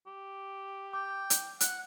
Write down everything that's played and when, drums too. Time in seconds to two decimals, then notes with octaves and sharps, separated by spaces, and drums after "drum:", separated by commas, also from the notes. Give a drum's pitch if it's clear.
0.07 G4
0.93 G5 D6
1.30 drum: hi-hat
1.60 F#5 F#6, drum: hi-hat